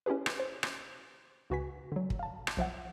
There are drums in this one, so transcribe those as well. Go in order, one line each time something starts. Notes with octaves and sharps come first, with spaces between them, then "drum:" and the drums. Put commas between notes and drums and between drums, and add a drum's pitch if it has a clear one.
C#4 E4 G4 G#4 B4
drum: rim click
C5
drum: rim click
C#2 C#3 F#4 B4 G#5 B6
D3 F#3
drum: kick
F5 A5
drum: rim click
B1 F3 E5 F#5